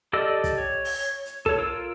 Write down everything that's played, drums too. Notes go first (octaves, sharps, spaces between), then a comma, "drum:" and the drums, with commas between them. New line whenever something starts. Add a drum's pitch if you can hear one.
G4 A4 D5 D#5 E6
drum: kick, hi-hat
C#5
drum: open hi-hat
drum: hi-hat
A4 C#5, drum: kick
F4 A#4 E6